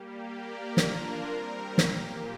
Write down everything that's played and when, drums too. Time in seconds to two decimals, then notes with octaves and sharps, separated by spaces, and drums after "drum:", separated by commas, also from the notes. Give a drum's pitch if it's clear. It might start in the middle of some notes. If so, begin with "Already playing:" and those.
Already playing: G3 A#3 G4
0.27 A#3 G4 A#4 D5
0.77 A#3 D4 F4 A#4, drum: snare
1.27 G3 C4 A#4
1.78 A#2 A#3 G4, drum: snare